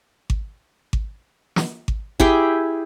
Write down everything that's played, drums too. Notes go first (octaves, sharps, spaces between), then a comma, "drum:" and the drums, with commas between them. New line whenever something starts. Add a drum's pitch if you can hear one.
drum: kick G#1
drum: kick G#1
drum: snare
drum: kick G#1
E4 G4 G#4 G5, drum: kick G#1